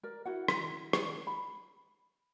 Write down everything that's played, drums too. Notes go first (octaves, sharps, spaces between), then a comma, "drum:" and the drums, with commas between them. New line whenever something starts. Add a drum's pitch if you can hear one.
A#4 D5
E4 F#4 F#5
drum: rim click
drum: rim click
B5